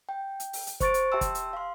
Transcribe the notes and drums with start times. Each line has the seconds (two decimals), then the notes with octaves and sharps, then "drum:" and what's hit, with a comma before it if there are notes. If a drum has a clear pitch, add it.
0.09 G5
0.40 drum: hi-hat
0.53 drum: open hi-hat
0.67 drum: hi-hat
0.80 C5 C#6 A6 D7, drum: kick, hi-hat
0.94 drum: hi-hat
1.12 G4 E5 G5 A5 C6 E6
1.21 drum: kick, hi-hat
1.35 drum: hi-hat
1.53 F5 C6